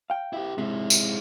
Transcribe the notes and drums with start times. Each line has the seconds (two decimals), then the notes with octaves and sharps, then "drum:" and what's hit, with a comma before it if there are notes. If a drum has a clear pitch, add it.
0.10 F5 G5
0.33 E4 G4
0.58 G#2 C3 G#3 E4
0.90 drum: tambourine